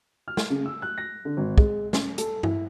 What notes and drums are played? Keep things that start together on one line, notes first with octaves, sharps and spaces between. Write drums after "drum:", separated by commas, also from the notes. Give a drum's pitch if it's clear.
F6
drum: snare
C#3
E6
F#6
A#6
D3
G#1
G#3, drum: kick
C#4, drum: snare
A4, drum: hi-hat
E4, drum: tom G2